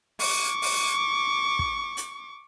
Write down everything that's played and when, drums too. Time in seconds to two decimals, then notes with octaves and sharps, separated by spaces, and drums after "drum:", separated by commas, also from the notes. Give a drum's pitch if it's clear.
0.19 C#6 D6, drum: open hi-hat
0.62 drum: open hi-hat
1.59 drum: kick
1.97 drum: hi-hat